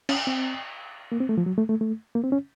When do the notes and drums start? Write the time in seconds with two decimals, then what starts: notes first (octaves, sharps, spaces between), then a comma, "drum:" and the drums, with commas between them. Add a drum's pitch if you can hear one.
0.09 C#4, drum: cymbal
0.27 C4
1.12 A#3
1.20 C4
1.29 A3
1.38 F3
1.46 F#3
1.58 A3
1.69 A3
1.81 A3
2.15 A#3
2.24 C4
2.32 C#4